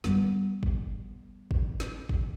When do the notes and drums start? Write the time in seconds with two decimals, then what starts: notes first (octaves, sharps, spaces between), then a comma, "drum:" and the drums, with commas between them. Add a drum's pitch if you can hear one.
0.04 G3 B3, drum: snare
0.63 drum: kick
1.51 drum: kick
1.80 drum: snare
2.09 drum: kick